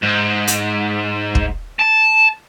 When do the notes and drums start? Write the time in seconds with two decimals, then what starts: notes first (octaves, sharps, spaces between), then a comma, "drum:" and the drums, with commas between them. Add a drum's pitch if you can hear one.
0.02 G#2
0.47 drum: hi-hat
1.35 drum: kick
1.79 A5